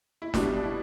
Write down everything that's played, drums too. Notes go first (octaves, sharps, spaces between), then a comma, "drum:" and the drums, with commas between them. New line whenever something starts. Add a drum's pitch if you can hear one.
E4
B2 G3 D4, drum: snare
D4
E4